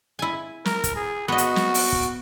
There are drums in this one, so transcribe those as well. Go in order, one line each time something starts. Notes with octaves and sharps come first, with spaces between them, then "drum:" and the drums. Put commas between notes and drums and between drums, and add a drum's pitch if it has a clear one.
E4 G#5
A#4, drum: snare
drum: kick, hi-hat
G#4
B3 F#4 D#5
drum: hi-hat
drum: snare
drum: open hi-hat
drum: kick